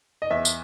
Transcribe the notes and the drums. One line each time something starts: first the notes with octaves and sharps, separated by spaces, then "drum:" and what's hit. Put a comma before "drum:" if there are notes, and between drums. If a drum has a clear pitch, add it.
D#5
E2 E5
drum: tambourine